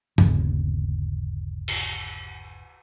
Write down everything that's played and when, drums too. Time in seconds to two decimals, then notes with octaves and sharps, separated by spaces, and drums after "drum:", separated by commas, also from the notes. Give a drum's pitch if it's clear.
0.18 G1 D#2 C#3, drum: tom
1.68 drum: cymbal